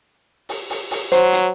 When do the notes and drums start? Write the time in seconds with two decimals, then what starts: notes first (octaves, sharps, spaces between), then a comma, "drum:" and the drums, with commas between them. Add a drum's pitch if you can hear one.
0.49 drum: open hi-hat
0.70 drum: open hi-hat
0.91 drum: open hi-hat
1.12 F#3 C5, drum: hi-hat
1.33 drum: hi-hat